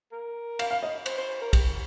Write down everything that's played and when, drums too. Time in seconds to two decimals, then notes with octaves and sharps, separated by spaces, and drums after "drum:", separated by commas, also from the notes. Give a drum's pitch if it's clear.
0.12 A#4
0.59 F5, drum: cymbal
0.71 F5
0.83 D#5
1.06 C5, drum: cymbal
1.18 C5
1.30 C5
1.41 A#4
1.53 G4, drum: kick, cymbal